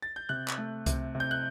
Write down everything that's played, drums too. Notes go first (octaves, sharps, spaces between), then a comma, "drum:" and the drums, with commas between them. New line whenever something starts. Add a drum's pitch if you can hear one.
A6
G6
C3 F#6
drum: clap
A3
C3, drum: kick C2, hi-hat
C3
G6
F#6